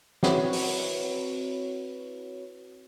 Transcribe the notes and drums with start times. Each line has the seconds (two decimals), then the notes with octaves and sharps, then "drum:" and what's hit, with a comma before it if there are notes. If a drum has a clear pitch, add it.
0.23 C4 E4 F#4 B4 C#5, drum: snare
0.53 drum: open hi-hat